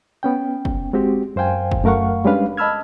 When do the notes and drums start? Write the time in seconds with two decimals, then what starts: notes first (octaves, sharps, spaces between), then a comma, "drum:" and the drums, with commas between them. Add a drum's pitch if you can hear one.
0.23 B3 C#4 G5
0.65 drum: kick
0.93 G#3 C4 F#4 G4
1.36 F#2 C5 F5 G5 G#5
1.72 drum: kick
1.84 F#2 A3 A#4 F5 F#5 C#6
2.25 G3 G#3 C#4 D4 B4 F5
2.57 D#5 A5 B5 E6 F6 G#6